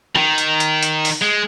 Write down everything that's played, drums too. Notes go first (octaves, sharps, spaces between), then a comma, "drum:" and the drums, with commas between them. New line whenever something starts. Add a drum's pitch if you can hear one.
D#3, drum: rim click
drum: hi-hat
drum: hi-hat
drum: hi-hat
drum: open hi-hat
G#3